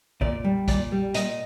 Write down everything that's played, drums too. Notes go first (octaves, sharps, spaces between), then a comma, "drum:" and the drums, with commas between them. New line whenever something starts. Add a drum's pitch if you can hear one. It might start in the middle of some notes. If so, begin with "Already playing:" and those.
A#2 D5, drum: kick
G3
A#2 D5, drum: kick, hi-hat
G3
A#2 D#5, drum: hi-hat